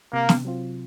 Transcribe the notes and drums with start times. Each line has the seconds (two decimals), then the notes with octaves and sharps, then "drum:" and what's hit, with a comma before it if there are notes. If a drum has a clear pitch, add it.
0.13 C3 A#3
0.29 drum: snare
0.45 F#3 C4 F4